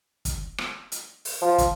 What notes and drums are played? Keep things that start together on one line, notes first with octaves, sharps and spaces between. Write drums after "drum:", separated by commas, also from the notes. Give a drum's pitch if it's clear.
drum: kick, hi-hat
drum: rim click
drum: hi-hat
drum: open hi-hat
F3
drum: kick, hi-hat